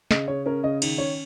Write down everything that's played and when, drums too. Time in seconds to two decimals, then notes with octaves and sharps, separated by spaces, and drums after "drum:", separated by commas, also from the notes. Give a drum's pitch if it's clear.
0.11 C#3 D#5, drum: snare
0.28 C#3 C#5
0.46 C#4 A#4
0.63 C#3 D#5
0.82 D#3, drum: cymbal
0.98 C#4 C#5